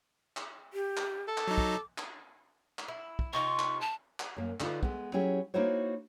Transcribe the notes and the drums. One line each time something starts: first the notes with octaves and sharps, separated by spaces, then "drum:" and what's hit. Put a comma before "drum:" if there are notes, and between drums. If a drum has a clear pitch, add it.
drum: clap
G4
drum: clap
A4
drum: clap
F#3 D#4 D6
drum: kick
drum: clap
drum: clap
E4
drum: kick
C3 D#4 F4 C#6
drum: clap
A5
drum: clap
F#2 A#3
D3 D#4 F4 B4, drum: clap
G#3 B3, drum: kick
F#3 C#4 E4 G4 G#4
A#3 D#4 E4 F#4 C5 C#5